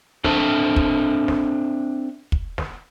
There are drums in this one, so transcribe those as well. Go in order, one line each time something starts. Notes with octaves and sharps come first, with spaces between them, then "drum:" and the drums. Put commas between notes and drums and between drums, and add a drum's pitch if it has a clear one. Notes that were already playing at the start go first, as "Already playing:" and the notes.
C4 D4 A4 C5 E5 A5, drum: snare
drum: kick
drum: snare
drum: kick
drum: snare